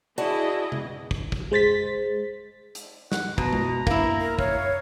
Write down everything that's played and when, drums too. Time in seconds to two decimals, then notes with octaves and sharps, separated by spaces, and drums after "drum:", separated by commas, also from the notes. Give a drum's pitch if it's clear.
0.18 E4 F#4 G#4 D5 D#5 A5
0.72 drum: tom C3
1.11 drum: kick
1.32 drum: kick
1.51 G#3 C5 A6 B6
2.75 drum: hi-hat
3.12 F#5, drum: snare
3.38 B2 A#5, drum: kick
3.53 drum: tom G#3
3.87 A#3 E4, drum: kick
4.21 A#4
4.38 C#5 F5, drum: kick